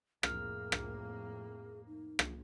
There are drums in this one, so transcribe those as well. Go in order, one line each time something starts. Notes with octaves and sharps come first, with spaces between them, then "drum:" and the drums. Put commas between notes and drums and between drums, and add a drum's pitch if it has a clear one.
F2 A2 A#3 G#4 F6, drum: rim click
drum: rim click
D#4
drum: rim click